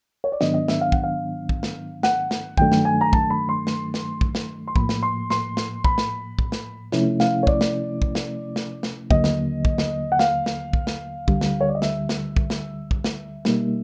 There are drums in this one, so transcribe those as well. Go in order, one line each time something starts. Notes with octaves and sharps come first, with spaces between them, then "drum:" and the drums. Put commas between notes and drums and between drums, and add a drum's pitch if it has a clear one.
C#5
D5
G#2 D#3 F#3 B3 D4 D#5, drum: snare
D#5
E5, drum: snare
F5
F#5, drum: kick
F5
drum: kick
drum: snare
F#5, drum: snare
drum: snare
G2 D#3 F#3 A3 D4 G5, drum: kick
drum: snare
G#5
A#5
A5, drum: kick
B5
C6
drum: snare
drum: snare
drum: kick
drum: snare
C6
A2 F3 A#3 B5, drum: kick
drum: snare
C6
C6, drum: snare
drum: snare
B5, drum: kick
drum: snare
drum: kick
drum: snare
C3 F3 A3 C#4 E4, drum: snare
F5, drum: snare
C#5
D5, drum: kick
drum: snare
drum: kick
drum: snare
drum: snare
drum: snare
D#2 D3 F#3 A#3 D#5, drum: kick
drum: snare
drum: kick
drum: snare
F#5
F5, drum: snare
drum: snare
drum: kick
drum: snare
D2 D3 G3, drum: kick
drum: snare
C#5
D5
D#5
E5, drum: snare
drum: snare
drum: kick
drum: snare
drum: kick
drum: snare
B2 G3 A#3 D#4, drum: snare